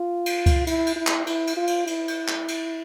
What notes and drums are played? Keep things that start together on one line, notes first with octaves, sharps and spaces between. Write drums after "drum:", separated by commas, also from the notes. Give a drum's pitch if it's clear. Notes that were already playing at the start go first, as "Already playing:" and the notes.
Already playing: F4
drum: cymbal
drum: kick C#2, cymbal
E4, drum: cymbal
drum: cymbal
E4
drum: clap
E4, drum: cymbal
drum: cymbal
F4
drum: cymbal
E4, drum: cymbal
drum: cymbal
drum: clap
drum: cymbal